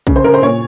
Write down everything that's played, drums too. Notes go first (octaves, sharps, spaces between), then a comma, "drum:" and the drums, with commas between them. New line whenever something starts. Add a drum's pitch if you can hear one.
C#3, drum: kick
C5
C#3 A#4
C5
A#2 C#5